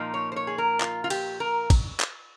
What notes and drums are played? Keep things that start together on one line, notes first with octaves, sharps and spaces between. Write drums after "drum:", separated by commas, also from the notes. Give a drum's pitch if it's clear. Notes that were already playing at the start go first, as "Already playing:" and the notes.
Already playing: A#2 F3 A#3 D#4
C#5
C5
C#5
G#4
A#4
F4, drum: clap
F4
G4, drum: cymbal
A#4
drum: kick, cymbal
drum: clap